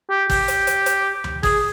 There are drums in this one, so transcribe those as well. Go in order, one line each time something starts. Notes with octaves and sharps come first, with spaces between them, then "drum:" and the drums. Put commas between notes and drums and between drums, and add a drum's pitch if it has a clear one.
G4
G4, drum: kick, open hi-hat
drum: hi-hat
drum: hi-hat
drum: hi-hat
drum: tom D2
G#4, drum: kick, open hi-hat